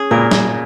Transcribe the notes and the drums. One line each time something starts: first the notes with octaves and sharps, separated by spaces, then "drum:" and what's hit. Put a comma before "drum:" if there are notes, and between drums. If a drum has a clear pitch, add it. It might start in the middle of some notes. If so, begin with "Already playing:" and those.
Already playing: C#4 G#4
A#2 A#4
drum: snare